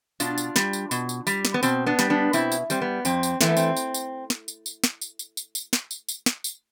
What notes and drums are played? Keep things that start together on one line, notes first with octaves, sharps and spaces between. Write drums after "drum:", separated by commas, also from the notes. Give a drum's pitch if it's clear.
B2 D4 F4, drum: tambourine
drum: tambourine
G3, drum: snare
drum: tambourine
B2, drum: tambourine
drum: tambourine
G3, drum: tambourine
drum: snare
B3
B2 C4, drum: tambourine
B3 D4
G3, drum: snare
B3 D4
B2 C4 E4, drum: tambourine
drum: tambourine
G3 C4, drum: tambourine
B3
F2 C4, drum: tambourine
drum: tambourine
E3 A3 C4, drum: snare
B3
C4, drum: tambourine
drum: tambourine
drum: tambourine
drum: snare
drum: tambourine
drum: tambourine
drum: snare
drum: tambourine
drum: tambourine
drum: tambourine
drum: tambourine
drum: snare
drum: tambourine
drum: tambourine
drum: snare
drum: tambourine